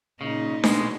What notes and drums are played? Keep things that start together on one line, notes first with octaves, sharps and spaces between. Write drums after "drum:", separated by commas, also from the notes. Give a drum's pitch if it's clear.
A#2 C#3 D#4
B2 G#3, drum: snare D4